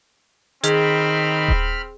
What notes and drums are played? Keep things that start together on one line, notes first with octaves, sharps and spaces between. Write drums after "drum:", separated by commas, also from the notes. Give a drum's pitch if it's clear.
D#3 C4 G#4 B5 F6, drum: hi-hat
drum: kick D#1